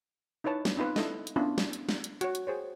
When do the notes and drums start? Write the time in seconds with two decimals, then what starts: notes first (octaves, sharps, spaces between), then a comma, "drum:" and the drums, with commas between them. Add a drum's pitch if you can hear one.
0.44 D#4 E4 B4 C#5 A5
0.65 drum: snare
0.76 B3 C4 D#4 F4 B4
0.96 E4 A4 D#5, drum: snare
1.27 drum: hi-hat
1.36 B3 C#4 D4 E4 F4
1.58 drum: snare
1.73 drum: hi-hat
1.89 drum: snare
2.04 drum: hi-hat
2.21 F#4 C#5, drum: hi-hat
2.35 drum: hi-hat
2.47 G#4 C5 C#5